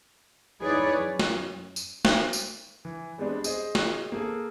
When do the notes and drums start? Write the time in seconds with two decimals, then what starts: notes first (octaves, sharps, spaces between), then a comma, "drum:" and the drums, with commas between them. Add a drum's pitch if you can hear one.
0.63 D#4 E4 G#4 B4 C#5 D5
0.99 F#2
1.19 drum: snare
1.76 drum: tambourine
2.05 drum: snare
2.33 drum: tambourine
2.85 E3
3.18 G3 G#3 B3 C4 D4
3.44 G#4 C5 D#5, drum: tambourine
3.75 drum: snare
4.12 A#3 G#4 A4